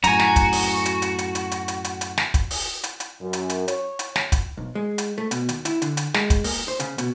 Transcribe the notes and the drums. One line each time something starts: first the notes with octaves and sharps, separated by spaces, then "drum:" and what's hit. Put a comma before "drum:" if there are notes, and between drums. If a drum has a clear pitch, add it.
F#2 A2 F#4 G#5 A#5, drum: hi-hat
drum: snare
drum: kick, hi-hat
drum: open hi-hat
drum: hi-hat
drum: hi-hat
drum: hi-hat
drum: hi-hat
drum: hi-hat
drum: hi-hat
drum: hi-hat
drum: hi-hat
drum: snare
drum: kick, hi-hat
drum: open hi-hat
drum: hi-hat
drum: hi-hat
F#2
drum: hi-hat
drum: hi-hat
C#5, drum: hi-hat
drum: hi-hat
drum: snare
drum: kick, hi-hat
B1
G#3
drum: hi-hat
A3
B2, drum: hi-hat
D#2, drum: hi-hat
E4, drum: hi-hat
D3, drum: hi-hat
drum: hi-hat
G#3, drum: snare
drum: kick, hi-hat
A#3, drum: open hi-hat
C5
C#3, drum: hi-hat
B2, drum: hi-hat